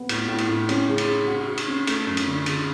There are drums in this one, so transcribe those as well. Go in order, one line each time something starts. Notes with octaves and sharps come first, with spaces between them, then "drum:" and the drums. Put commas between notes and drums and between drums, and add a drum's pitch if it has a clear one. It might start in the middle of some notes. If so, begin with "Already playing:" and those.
Already playing: B3
A2, drum: cymbal
A2
drum: cymbal
A2
C#4, drum: cymbal
C#3
drum: cymbal
C#3
F#4
F#4
drum: cymbal
C#4
A3, drum: cymbal
F#2
drum: cymbal
D3
C#3, drum: cymbal